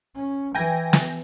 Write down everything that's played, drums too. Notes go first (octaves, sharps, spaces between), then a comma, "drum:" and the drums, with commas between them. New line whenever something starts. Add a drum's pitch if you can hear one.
C#4
E3 G5 G#5 A#6
drum: snare